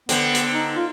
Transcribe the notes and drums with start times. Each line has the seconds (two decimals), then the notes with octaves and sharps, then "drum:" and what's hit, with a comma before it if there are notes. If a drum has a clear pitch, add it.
0.09 D3 B3 C4, drum: hi-hat
0.35 drum: hi-hat
0.54 D#4
0.76 F4